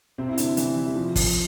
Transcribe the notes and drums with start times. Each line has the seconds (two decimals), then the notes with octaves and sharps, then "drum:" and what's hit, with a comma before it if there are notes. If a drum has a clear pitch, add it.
0.18 C3 C4
0.29 E4
0.38 D3 D4, drum: hi-hat
0.57 E3 E4, drum: hi-hat
0.86 G3
0.96 F3
1.16 drum: kick, open hi-hat